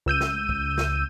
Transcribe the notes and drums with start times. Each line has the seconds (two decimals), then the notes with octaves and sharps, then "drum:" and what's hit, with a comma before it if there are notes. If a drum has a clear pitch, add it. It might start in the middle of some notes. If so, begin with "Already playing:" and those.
0.06 C#2 E6 G6 D#7
0.21 drum: snare
0.49 drum: kick B1
0.78 drum: snare